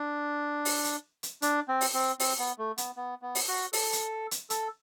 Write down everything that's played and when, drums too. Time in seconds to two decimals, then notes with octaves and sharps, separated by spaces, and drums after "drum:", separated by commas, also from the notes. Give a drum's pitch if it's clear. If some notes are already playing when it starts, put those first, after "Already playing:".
Already playing: D4
0.65 drum: open hi-hat
0.84 drum: hi-hat
1.23 drum: hi-hat
1.42 D4, drum: hi-hat
1.68 C4
1.81 drum: open hi-hat
1.94 C4
2.20 C4, drum: open hi-hat
2.39 B3
2.58 A3
2.78 B3, drum: hi-hat
2.97 B3
3.22 B3
3.35 drum: open hi-hat
3.48 F#4
3.73 A4, drum: open hi-hat
3.93 drum: hi-hat
4.31 drum: hi-hat
4.50 A4, drum: hi-hat